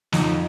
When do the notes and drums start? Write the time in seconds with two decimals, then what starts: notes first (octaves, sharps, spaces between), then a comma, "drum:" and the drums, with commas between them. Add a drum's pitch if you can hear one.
0.12 F2 D#4, drum: snare